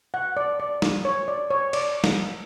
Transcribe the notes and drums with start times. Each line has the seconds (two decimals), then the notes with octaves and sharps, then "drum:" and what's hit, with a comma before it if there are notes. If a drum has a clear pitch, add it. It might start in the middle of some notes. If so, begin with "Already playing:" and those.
0.14 F#5
0.37 D5
0.60 D5
0.82 drum: snare
1.05 C#5
1.28 D5
1.50 C#5
1.73 D5, drum: cymbal
2.04 drum: snare